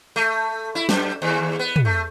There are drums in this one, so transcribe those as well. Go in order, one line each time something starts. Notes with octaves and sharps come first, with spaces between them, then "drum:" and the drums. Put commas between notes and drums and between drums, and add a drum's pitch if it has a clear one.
A3
E4
F#2, drum: snare
D#2
B3
drum: tom
A3